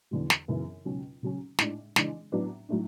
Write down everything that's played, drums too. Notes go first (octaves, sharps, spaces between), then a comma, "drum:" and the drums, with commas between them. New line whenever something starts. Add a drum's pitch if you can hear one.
E2 D3 F#3
drum: snare
F#2 C#3 E3 B3 E4
C#2 B2 F#3 C#4
C#3 F#3 C#4
A2 G#3 D4, drum: snare
C#3 E3 G#3 D4, drum: snare
A2 F#3 B3 D4
A2 F#3 A3 D4